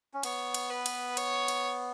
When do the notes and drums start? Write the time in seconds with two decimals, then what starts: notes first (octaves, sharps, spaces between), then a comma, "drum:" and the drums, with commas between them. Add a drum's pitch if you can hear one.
0.14 C#4
0.23 B3 C#5, drum: cymbal
0.54 drum: cymbal
0.70 B4
0.86 drum: cymbal
1.17 C#5, drum: cymbal
1.48 drum: cymbal